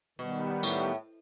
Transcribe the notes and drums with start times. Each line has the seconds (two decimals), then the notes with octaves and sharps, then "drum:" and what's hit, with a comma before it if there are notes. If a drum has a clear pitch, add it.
0.19 B2 D#3 G3 B3
0.63 A2, drum: tambourine